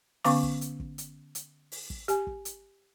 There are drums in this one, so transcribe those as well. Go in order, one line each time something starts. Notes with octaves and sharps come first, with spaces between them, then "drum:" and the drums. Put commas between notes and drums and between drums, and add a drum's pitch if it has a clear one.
D3 B3 C#4 F5 C#6 D6, drum: open hi-hat
drum: kick
drum: hi-hat
drum: kick
drum: hi-hat
drum: hi-hat
drum: open hi-hat
drum: kick
G4 G#5, drum: hi-hat
drum: kick
drum: hi-hat